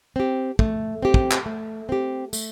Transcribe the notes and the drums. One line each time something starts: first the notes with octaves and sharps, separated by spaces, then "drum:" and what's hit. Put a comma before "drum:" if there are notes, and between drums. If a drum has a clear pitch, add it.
C4 G4
A3, drum: kick
C4 G4
drum: kick
drum: clap
A3
C4 G4
A3, drum: tambourine